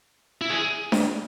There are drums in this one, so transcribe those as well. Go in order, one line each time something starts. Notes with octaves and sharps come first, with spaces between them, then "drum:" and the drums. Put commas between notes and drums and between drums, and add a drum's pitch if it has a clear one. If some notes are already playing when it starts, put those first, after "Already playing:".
E4
G#4
drum: snare D4